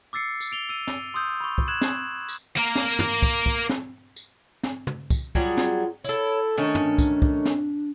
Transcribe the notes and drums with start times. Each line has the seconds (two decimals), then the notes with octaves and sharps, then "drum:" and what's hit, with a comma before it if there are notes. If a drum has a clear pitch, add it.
0.13 D6 E6 A6 C7 C#7
0.40 drum: tambourine
0.52 D7 F7 G7
0.69 E6 D#7
0.87 drum: snare
1.14 C6 D#6 E6 G6
1.41 B5 C#6
1.58 drum: kick
1.68 F#6 G#6 E7 F#7
1.81 drum: snare
2.28 drum: tambourine
2.57 A#3 A#4
2.75 drum: snare
2.99 drum: tom
3.22 drum: kick, tambourine
3.46 drum: kick
3.69 drum: snare
4.16 drum: tambourine
4.63 drum: snare
4.87 drum: tom
5.10 drum: kick, tambourine
5.35 F#3 G3 F4 G#4, drum: kick
5.57 drum: snare
6.04 E4 A4 C#5, drum: tambourine
6.57 D#3 A3 C#4 D4
6.75 drum: tom
6.98 drum: kick, tambourine
7.22 drum: kick
7.45 drum: snare